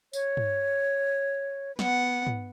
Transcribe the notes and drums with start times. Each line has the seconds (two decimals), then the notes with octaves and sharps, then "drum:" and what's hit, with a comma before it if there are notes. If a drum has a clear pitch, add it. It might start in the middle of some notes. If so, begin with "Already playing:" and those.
0.13 C#5, drum: tambourine
0.37 drum: tom G2
1.79 B3 F#5, drum: snare
2.27 drum: tom